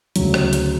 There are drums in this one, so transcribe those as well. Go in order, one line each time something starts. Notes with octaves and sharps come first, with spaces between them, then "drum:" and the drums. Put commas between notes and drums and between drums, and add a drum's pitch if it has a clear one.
D2 C#3 F#3, drum: hi-hat
drum: rim click
drum: hi-hat